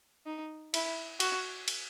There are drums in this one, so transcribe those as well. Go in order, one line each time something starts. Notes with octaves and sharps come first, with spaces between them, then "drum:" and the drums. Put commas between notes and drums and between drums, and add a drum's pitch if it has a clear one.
D#4
E4, drum: cymbal
F#4, drum: cymbal
drum: cymbal